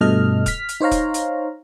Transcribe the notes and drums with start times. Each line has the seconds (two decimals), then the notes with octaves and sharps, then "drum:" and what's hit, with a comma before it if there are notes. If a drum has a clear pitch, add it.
0.01 G2 B2 A3 A4 D#5 F6
0.46 F6 B6, drum: kick, hi-hat
0.69 drum: hi-hat
0.80 D#4 C5 C#5 F5 A#5
0.91 drum: kick, hi-hat
1.14 drum: hi-hat